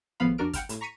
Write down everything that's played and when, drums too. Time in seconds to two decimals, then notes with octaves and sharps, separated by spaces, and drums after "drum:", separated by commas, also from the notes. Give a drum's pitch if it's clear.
0.20 G#1 A2 F3 B3 F5 B5
0.38 F2 D4 F#4 A#4 F6 D7
0.53 F#5 G5 F6, drum: kick, hi-hat
0.69 A2, drum: hi-hat
0.81 A#5 C#6 B6 C#7 D#7